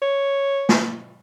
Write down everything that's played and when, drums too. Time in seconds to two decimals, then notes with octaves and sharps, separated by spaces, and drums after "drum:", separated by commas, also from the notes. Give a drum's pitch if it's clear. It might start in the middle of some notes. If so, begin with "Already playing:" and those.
0.02 C#5
0.69 drum: snare